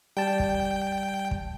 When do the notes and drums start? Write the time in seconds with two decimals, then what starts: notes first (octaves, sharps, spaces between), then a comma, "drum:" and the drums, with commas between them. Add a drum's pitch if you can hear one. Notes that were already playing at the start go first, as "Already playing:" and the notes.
0.17 G3 G5 A5
0.40 drum: kick
1.31 drum: kick